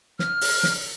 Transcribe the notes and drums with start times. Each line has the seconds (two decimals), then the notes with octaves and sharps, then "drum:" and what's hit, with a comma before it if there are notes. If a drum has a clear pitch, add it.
0.19 F6, drum: snare
0.41 drum: open hi-hat
0.63 drum: snare